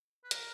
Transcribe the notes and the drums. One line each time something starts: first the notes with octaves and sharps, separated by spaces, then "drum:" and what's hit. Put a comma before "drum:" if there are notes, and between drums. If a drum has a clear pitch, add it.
B4
A#4, drum: hi-hat